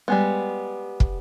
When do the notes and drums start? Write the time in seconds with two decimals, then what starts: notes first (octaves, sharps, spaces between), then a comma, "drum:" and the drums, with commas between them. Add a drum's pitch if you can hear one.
0.08 G3 G#3 B3
1.00 drum: kick